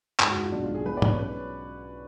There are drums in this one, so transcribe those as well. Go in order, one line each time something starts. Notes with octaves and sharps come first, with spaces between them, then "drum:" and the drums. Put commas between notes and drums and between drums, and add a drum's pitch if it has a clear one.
G#2, drum: clap
F#4
G#2
F4
B1 D4
F4
B1
G#4
B1 B4
D5
B1, drum: tom
C#5
C#4 B4